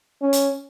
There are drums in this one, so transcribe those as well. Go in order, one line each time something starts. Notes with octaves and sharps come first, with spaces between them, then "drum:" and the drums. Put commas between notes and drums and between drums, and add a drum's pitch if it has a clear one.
C#4
drum: hi-hat